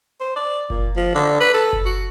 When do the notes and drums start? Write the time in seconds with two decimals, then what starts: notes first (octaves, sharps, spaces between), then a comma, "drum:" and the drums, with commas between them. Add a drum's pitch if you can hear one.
0.20 C5
0.36 D5
0.70 A#2, drum: kick F#1
0.96 F3
1.15 D3
1.41 B4
1.54 A4
1.73 drum: kick F#1
1.85 F#4